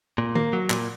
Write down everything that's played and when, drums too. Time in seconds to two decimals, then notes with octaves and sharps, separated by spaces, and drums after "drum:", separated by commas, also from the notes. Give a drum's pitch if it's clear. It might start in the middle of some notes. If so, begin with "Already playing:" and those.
0.18 A#2
0.35 A#3, drum: tom D#3
0.53 F#3
0.70 A#2, drum: clap